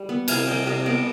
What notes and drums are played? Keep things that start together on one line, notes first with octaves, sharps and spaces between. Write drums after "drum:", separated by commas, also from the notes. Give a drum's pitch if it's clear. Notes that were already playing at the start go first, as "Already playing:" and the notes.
Already playing: G3
B3
C3 F5 G#5, drum: cymbal
G3 D#5 G5
C3 D#5 G5
B3 D#5 G5